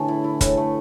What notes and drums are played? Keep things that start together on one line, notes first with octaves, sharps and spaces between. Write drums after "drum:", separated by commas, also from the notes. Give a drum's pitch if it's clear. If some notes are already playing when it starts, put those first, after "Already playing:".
Already playing: A2 D3 E3 A3
E4
E4
A2, drum: kick, hi-hat
A3